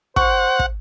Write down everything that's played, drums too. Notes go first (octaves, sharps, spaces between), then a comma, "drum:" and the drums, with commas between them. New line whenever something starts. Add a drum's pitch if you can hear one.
C5 F#5 C#6, drum: kick
drum: kick